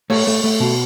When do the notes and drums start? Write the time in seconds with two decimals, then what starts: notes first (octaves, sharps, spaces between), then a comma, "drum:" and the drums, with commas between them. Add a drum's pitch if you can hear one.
0.10 A3 C#5, drum: cymbal
0.27 A3
0.44 A3
0.60 B2